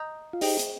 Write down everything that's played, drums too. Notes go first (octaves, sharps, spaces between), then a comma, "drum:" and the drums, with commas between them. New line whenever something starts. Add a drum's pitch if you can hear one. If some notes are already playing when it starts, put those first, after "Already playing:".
Already playing: D#5 A#5 D#6 G6
F4
D#4 G4 G#4 C5 D#5 G5, drum: open hi-hat
drum: hi-hat